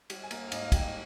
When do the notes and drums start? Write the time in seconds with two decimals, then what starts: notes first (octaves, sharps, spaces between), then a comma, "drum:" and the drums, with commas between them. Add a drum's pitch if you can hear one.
0.10 G3, drum: cymbal
0.23 G#5
0.31 A#3, drum: cymbal
0.48 F5
0.52 G#2 D#5, drum: cymbal
0.62 F5
0.72 G3 G5, drum: kick, cymbal
0.83 D#5